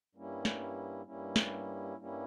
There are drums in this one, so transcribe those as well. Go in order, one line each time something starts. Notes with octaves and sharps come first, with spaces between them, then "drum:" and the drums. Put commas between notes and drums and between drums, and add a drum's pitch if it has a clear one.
G2 G3 A#3 C#4 E4
drum: snare
G2 G3 A#3 C#4 E4
drum: snare
G2 G3 A#3 C#4 E4